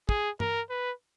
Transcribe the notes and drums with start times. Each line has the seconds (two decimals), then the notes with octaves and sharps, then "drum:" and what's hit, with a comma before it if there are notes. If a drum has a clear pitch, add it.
0.09 G#4, drum: kick
0.40 A#4, drum: tom G2
0.70 B4